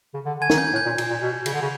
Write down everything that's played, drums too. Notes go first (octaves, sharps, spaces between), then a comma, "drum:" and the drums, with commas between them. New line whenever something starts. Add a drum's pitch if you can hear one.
C#3
D3
D3 G#5 G#6
D#3, drum: snare
G6
G#6
A2
G6
A#2
A#2, drum: cymbal
A#2
B2
C#3, drum: cymbal
D3
C#3